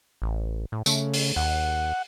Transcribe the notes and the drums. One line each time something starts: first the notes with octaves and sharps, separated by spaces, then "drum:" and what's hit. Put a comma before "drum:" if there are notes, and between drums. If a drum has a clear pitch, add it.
A1
A2
C#3 A3, drum: tambourine
drum: open hi-hat
D#2 F#5